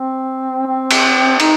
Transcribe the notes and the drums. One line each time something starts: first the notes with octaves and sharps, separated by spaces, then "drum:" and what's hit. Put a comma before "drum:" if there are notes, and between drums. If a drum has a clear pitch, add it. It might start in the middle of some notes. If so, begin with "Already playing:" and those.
Already playing: C4
C4
drum: cymbal
D#4, drum: cymbal